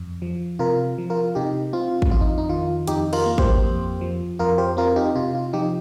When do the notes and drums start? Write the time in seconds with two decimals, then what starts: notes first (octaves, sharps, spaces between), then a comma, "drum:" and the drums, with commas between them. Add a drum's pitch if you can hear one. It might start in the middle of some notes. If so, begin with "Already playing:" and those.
Already playing: F2
0.22 F3
0.59 C3 F4 A#4
0.98 F3
1.10 F4 A#4
1.35 C3 D#4 G4
1.73 C4 F4
2.02 drum: kick
2.11 F2 F4
2.21 D#4
2.38 D#4
2.49 D#3 F4
2.87 F2 D#4 G4, drum: hi-hat
3.13 F4 A#4, drum: cymbal
3.26 A#3
3.38 G4 C5, drum: kick
3.64 F2
4.01 F3
4.39 F2 F4 A#4
4.58 G4 C5
4.77 C4 F4 A#4
4.96 D#4 G4
5.15 C3 F4
5.35 F4
5.53 F3 D#4 G4